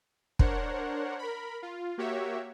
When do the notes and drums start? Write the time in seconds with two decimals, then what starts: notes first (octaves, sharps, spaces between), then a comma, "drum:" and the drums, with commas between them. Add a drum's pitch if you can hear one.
0.39 D4 A#4 C5 C#5 F#5, drum: kick
1.19 A#4 B5
1.63 F4
1.98 A#3 F#4 G4 C#5 E5